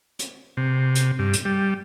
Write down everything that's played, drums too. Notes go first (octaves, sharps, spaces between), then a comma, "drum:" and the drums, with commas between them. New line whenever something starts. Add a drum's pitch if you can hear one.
drum: hi-hat
C3
drum: hi-hat
G2
drum: hi-hat
G3